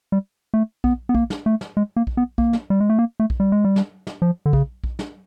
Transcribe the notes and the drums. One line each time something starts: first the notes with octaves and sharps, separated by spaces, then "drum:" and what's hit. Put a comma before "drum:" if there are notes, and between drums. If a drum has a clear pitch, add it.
G3
A3
B3, drum: kick A#1
B3
A#3, drum: kick A#1
drum: snare
A3
drum: snare
G#3
A#3
drum: kick A#1
B3
A#3, drum: kick A#1
drum: snare
G3
G#3
A3
A#3
A3
drum: kick A#1
G3
G#3
G3
drum: snare
drum: snare
F3
D3
C#3, drum: kick A#1
drum: kick A#1
drum: snare